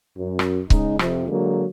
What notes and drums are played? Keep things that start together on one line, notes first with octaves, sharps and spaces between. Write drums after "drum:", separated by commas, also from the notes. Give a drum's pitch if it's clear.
F#2
drum: rim click
C#3 G#3 D#4, drum: kick C#1
F2 C3, drum: rim click
D3 F#3 G#3 A#3